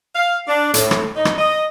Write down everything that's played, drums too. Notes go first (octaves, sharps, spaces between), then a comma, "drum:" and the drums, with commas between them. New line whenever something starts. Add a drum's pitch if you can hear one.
F5
D4
A2, drum: hi-hat
drum: rim click
D#4
drum: rim click
D#5